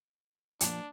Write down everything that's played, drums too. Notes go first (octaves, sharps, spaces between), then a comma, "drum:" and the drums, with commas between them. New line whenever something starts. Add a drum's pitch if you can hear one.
A#2 F3 A#3 D4, drum: hi-hat